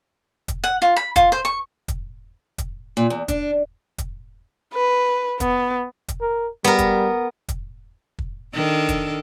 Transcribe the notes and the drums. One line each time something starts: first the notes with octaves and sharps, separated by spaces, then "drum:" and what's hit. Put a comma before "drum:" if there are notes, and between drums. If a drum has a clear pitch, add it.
drum: kick, hi-hat
F#5
F4
B5
F4, drum: kick, hi-hat
C5
C#6
drum: kick, hi-hat
drum: kick, hi-hat
A#2
E2
D4, drum: kick, hi-hat
drum: kick, hi-hat
B4
B3, drum: kick, hi-hat
drum: kick, hi-hat
A#4
G3 B3 A#4
drum: kick, hi-hat
drum: kick, hi-hat
drum: kick
D#3 D4 A4
drum: kick, hi-hat